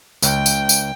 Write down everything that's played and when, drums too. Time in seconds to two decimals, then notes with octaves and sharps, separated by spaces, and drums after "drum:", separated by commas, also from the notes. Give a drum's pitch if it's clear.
0.22 C#2 G5, drum: tambourine
0.46 drum: tambourine
0.69 drum: tambourine